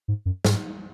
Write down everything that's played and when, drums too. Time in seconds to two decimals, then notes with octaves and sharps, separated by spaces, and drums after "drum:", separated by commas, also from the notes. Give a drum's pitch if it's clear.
0.08 G#2
0.26 F#2
0.45 G#2, drum: snare